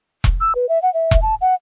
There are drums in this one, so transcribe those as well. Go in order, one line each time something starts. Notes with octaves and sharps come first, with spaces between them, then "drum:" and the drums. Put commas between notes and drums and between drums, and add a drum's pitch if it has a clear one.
drum: kick E1
E6
B4
E5
F#5
E5
drum: kick E1
A5
F#5